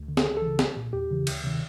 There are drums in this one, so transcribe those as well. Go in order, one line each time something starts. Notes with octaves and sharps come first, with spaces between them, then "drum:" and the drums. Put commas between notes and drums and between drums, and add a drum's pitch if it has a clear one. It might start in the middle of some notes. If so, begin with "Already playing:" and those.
Already playing: D2
D3
A4, drum: snare
C#2 G#4
A4
C#3 E3
C2, drum: snare
A#2
E2 G4
C#3 E3
D2, drum: cymbal
C3 D#3